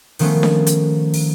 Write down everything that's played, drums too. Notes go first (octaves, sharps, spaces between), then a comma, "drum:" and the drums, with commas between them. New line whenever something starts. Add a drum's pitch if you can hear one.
D#3 F3 A3 B3 C#4, drum: open hi-hat
drum: snare D4
drum: hi-hat
drum: open hi-hat